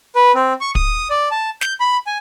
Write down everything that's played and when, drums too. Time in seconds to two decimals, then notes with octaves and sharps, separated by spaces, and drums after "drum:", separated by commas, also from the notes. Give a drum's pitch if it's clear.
0.16 B4
0.35 C4
0.61 C#6
0.75 D#6, drum: kick
1.10 D5
1.31 A5
1.61 G6, drum: snare
1.80 B5
2.07 G#5